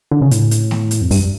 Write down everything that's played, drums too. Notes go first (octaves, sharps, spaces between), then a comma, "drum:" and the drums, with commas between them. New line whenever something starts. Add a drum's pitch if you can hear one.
D3
C#3
A2, drum: hi-hat
drum: hi-hat
drum: snare
drum: hi-hat
F2
G2, drum: open hi-hat